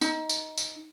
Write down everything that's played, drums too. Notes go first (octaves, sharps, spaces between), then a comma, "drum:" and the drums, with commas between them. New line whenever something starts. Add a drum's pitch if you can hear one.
D#4, drum: tambourine
drum: tambourine
drum: tambourine